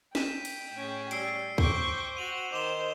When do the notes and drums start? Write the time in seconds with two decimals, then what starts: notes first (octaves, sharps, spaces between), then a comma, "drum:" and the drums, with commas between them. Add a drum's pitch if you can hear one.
0.15 G5 B6 D#7 E7, drum: snare
0.45 drum: cymbal
0.74 A2 C#4 G#4
1.11 G3 E6 C7 D7, drum: hi-hat
1.58 C5 G5 C#6 D6 G6 G7, drum: kick
2.17 F#4 D#7 F7 F#7
2.52 D#3 C5 D6 E7 G7